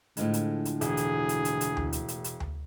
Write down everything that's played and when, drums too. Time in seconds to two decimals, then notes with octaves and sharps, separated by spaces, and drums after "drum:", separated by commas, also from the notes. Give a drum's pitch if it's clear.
0.17 A2 D3 F3 G#3, drum: hi-hat
0.34 drum: hi-hat
0.65 drum: hi-hat
0.81 E1 G#4, drum: hi-hat
0.97 drum: hi-hat
1.29 drum: hi-hat
1.45 drum: hi-hat
1.61 drum: hi-hat
1.77 drum: tom D2
1.93 drum: hi-hat
2.08 drum: hi-hat
2.24 drum: hi-hat
2.40 drum: tom D2